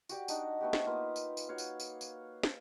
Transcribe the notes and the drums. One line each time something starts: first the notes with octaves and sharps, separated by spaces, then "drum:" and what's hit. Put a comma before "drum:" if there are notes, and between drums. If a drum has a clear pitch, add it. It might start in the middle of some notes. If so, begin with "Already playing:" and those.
F#4 G4 D5, drum: tambourine
D4 D#4 F#4 D#5, drum: tambourine
A3 B3 F#4 G4
drum: snare
A#3 F4 B4 D#6
drum: tambourine
drum: tambourine
F#4 C#5 F5
drum: tambourine
drum: tambourine
drum: tambourine
drum: snare